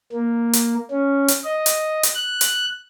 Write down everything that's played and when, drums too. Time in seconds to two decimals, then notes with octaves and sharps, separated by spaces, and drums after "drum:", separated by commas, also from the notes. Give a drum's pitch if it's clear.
0.13 A#3
0.53 drum: hi-hat
0.91 C#4
1.28 drum: hi-hat
1.44 D#5
1.66 drum: hi-hat
2.03 drum: hi-hat
2.15 F#6
2.41 drum: hi-hat